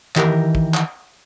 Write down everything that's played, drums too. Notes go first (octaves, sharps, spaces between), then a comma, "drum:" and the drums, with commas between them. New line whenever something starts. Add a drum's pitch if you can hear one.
D#3 E3 G4 A#4, drum: clap
drum: kick
drum: clap